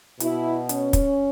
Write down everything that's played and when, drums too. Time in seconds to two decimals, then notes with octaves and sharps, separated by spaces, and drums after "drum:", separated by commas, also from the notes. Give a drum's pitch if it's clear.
0.20 B2 E4, drum: hi-hat
0.69 C#4, drum: hi-hat
0.93 drum: kick, hi-hat